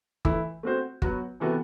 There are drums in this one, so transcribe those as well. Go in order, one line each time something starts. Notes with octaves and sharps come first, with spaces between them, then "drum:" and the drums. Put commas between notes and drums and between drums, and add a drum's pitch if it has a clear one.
E3 A3 E4, drum: kick G1
A3 C4 F#4 C5
F#3 B3 F#4, drum: kick G1
C3 E3 B3 F#4 A4